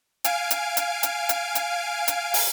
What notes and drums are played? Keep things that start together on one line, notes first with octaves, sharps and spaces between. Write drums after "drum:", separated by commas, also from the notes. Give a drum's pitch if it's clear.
F5 G#5 D7, drum: hi-hat
drum: hi-hat
drum: hi-hat
drum: hi-hat
drum: hi-hat
drum: hi-hat
drum: hi-hat
drum: open hi-hat